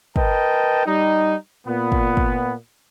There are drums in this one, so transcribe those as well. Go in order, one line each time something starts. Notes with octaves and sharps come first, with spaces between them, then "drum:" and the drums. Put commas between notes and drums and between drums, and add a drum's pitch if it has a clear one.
A#4 B4 D#5 G5 A5, drum: kick
G3 D#4
A#2 B3
drum: kick
drum: kick